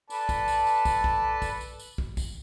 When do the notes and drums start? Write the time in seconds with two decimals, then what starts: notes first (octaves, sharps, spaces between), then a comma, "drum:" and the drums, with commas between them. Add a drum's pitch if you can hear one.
0.10 A4 B4 D5 A5, drum: tambourine
0.29 drum: kick, tambourine
0.48 drum: tambourine
0.67 drum: tambourine
0.85 drum: kick, tambourine
1.04 drum: kick
1.42 drum: kick, tambourine
1.61 drum: tambourine
1.79 drum: tambourine
1.98 drum: kick
2.17 drum: kick, tambourine